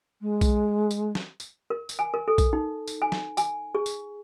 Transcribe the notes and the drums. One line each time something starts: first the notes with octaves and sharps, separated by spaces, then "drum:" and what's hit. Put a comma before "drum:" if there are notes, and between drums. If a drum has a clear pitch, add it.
G#3
drum: kick B1, tambourine
drum: tambourine
drum: snare
drum: tambourine
A#4
drum: tambourine
G#5
A#4
A4
drum: kick B1, tambourine
D#4
drum: tambourine
G#5
drum: snare
G#5, drum: tambourine
G#4
drum: tambourine